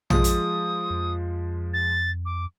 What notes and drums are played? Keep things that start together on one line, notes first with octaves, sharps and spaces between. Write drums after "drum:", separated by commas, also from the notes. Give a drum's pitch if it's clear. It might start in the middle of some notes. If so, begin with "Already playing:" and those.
F3 G#3 D#6, drum: tom A#1
drum: hi-hat
F2
A6
D6